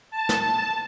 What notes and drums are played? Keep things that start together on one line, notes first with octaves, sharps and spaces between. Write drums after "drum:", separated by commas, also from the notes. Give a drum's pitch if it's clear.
A5
drum: snare